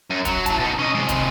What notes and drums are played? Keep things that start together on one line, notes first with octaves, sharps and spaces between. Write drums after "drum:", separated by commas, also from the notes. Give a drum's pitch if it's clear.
F#2
F#3, drum: kick, hi-hat
E3 A5, drum: kick, hi-hat
B2 D#4
C#4 D#5
C3 G#3
drum: kick, hi-hat